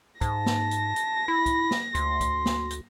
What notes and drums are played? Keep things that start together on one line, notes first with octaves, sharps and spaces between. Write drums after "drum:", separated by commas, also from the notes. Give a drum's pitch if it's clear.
G#2 A5 A#6, drum: kick, hi-hat
drum: snare
drum: hi-hat
drum: hi-hat
E4 B5
drum: kick, hi-hat
drum: snare
D2 C6, drum: hi-hat
drum: kick, hi-hat
drum: snare
drum: hi-hat